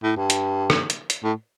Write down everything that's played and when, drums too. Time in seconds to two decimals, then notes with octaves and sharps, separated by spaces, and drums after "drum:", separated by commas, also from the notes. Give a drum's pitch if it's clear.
0.03 A2
0.16 G2
0.30 drum: hi-hat
0.70 drum: rim click
0.90 drum: hi-hat
1.10 drum: hi-hat
1.23 A2